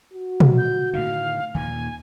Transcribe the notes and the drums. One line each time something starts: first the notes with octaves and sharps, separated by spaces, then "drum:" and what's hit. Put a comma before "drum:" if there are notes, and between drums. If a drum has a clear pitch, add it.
F#4
drum: tom
G6
A2 D3 D#3 F5
D#2 A#2 D#3 G#5